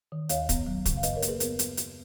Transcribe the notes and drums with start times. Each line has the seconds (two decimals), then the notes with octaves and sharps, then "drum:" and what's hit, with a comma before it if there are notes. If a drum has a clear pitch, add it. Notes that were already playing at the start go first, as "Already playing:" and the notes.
0.12 D#3
0.29 D#2 C#5 F5, drum: hi-hat
0.49 B3, drum: kick, hi-hat
0.66 F#3
0.86 C#3, drum: kick, hi-hat
0.97 F5
1.03 F#2 B4 D#5, drum: hi-hat
1.16 A#4 C#5
1.22 A#3, drum: hi-hat
1.28 G#4 B4
1.40 B3 A#4, drum: hi-hat
1.59 drum: hi-hat
1.77 drum: hi-hat